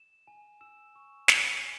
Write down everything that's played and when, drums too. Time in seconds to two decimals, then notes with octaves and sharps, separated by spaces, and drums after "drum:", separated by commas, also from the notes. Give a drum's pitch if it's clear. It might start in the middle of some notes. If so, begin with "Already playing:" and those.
Already playing: E7
0.27 G#5
0.61 E6 E7
0.95 C#6
1.28 G#5, drum: snare
1.62 G#5